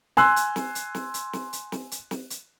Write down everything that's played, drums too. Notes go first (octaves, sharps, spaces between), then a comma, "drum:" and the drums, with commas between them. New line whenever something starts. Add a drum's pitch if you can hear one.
G#5 C6 E6 F#6, drum: snare
drum: hi-hat
drum: snare
drum: hi-hat
drum: snare
drum: hi-hat
drum: snare
drum: hi-hat
drum: snare
drum: hi-hat
drum: snare
drum: hi-hat